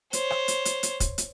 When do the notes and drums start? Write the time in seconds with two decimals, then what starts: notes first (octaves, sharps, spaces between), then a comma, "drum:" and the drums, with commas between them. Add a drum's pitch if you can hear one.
0.13 C5 C#5, drum: hi-hat
0.30 drum: rim click
0.48 drum: hi-hat
0.65 drum: hi-hat
0.83 drum: hi-hat
1.00 drum: kick, hi-hat
1.18 drum: hi-hat